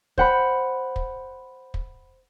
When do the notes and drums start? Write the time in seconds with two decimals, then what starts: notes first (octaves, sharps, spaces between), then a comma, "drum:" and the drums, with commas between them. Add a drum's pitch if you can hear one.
0.18 C5 F#5 B5, drum: kick
0.96 drum: kick
1.74 drum: kick